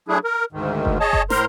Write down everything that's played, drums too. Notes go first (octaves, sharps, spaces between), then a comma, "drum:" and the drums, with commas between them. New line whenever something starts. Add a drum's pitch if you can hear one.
F#3 A3 D4 E4 G#4
A#4
D2 G#2 D#3
drum: kick F#1
G#4 C#5 D#5 A5
drum: kick F#1
A2 A#4 C5 A#5 C6, drum: snare